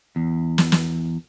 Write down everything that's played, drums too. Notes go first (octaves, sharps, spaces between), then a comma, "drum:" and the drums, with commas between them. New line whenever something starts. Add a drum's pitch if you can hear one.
E2
drum: snare
drum: snare